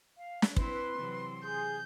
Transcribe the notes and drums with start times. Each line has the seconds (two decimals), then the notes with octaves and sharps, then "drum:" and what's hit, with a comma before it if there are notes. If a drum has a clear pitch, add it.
0.17 F5
0.42 drum: snare
0.56 C4 E4 B4 C6, drum: kick
0.97 C3 E3 F#3
1.44 G#4 G6